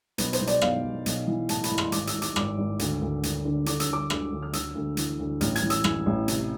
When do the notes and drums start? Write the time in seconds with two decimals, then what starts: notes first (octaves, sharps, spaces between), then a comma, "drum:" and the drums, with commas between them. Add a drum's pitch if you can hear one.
0.18 B1 B4, drum: hi-hat
0.33 C5, drum: hi-hat
0.41 B1
0.47 D5, drum: hi-hat
0.61 B1 F5, drum: rim click
0.84 B1
1.06 B1, drum: hi-hat
1.27 E3
1.49 A2 A5, drum: hi-hat
1.64 B5, drum: hi-hat
1.70 A2
1.78 C6, drum: rim click
1.92 G#1 D6, drum: hi-hat
2.07 E6, drum: hi-hat
2.14 G#2
2.22 D6, drum: hi-hat
2.36 G#1 D6, drum: rim click
2.58 G#1
2.79 D2, drum: hi-hat
3.01 D2
3.23 D2, drum: hi-hat
3.45 D3
3.66 D3 D6, drum: hi-hat
3.80 E6, drum: hi-hat
3.88 D3 D6
4.10 D2, drum: rim click
4.32 D2
4.42 F6
4.53 D2 E6, drum: hi-hat
4.75 D2
4.97 E3, drum: hi-hat
5.19 D2
5.41 A1 F6, drum: hi-hat
5.56 G#6, drum: hi-hat
5.63 E3
5.70 E6, drum: hi-hat
5.84 E3, drum: rim click
6.06 A1
6.28 C3, drum: hi-hat